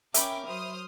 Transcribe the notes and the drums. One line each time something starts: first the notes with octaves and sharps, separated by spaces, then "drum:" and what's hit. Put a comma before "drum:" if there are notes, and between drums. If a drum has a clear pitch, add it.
C#4 A#4 E5 G5 B5 D6, drum: hi-hat
F#3 C5 D#6 F6